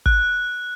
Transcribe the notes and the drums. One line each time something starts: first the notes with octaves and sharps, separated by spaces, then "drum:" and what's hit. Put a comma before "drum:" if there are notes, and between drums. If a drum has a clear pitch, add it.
F#6, drum: kick